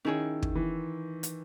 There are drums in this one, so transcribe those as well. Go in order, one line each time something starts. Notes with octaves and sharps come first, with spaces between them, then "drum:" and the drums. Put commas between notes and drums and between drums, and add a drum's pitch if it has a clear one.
D#3 C#4 E4 G#4 C#5
drum: kick
E3
drum: hi-hat